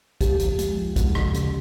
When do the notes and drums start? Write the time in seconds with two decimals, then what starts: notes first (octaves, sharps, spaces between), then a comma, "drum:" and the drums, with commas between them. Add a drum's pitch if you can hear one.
0.21 D#2 G4, drum: kick, hi-hat
0.39 F3, drum: hi-hat
0.59 G#3, drum: hi-hat
0.77 F3
0.96 D#2 F#4, drum: kick, hi-hat
1.15 C#3, drum: rim click
1.34 C#3, drum: hi-hat